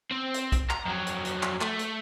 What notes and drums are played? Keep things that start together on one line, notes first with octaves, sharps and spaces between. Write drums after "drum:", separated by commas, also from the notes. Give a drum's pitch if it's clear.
C4
drum: hi-hat
drum: kick, hi-hat
A#5, drum: clap
F2 F#3
drum: hi-hat
drum: hi-hat
drum: clap
A3, drum: clap
drum: hi-hat